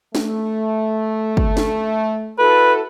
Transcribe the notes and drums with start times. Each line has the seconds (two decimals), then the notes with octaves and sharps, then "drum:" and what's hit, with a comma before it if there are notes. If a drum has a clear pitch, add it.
0.15 A3, drum: snare
1.37 drum: kick
1.57 drum: snare
2.39 E4 F#4 A4 B4